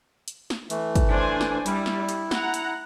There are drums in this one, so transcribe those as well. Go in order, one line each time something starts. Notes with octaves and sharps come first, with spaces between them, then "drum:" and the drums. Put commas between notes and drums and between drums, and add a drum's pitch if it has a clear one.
drum: hi-hat
drum: snare
E3 A3, drum: hi-hat
drum: kick, hi-hat
D4 C5 G#5
drum: snare
G3 E4, drum: hi-hat
drum: snare
drum: hi-hat
F#5 A#5, drum: snare
drum: hi-hat